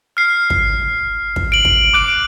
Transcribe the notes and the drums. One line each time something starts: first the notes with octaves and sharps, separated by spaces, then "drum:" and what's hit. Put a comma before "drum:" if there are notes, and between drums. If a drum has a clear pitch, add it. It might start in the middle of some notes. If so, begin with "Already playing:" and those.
F6 C7
drum: kick
drum: kick
D7 F#7
drum: kick
D6 F#6 D7 F#7